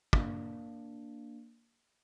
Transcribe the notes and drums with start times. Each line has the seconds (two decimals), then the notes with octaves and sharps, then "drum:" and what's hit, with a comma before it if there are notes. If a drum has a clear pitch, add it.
0.13 A#3 D4, drum: kick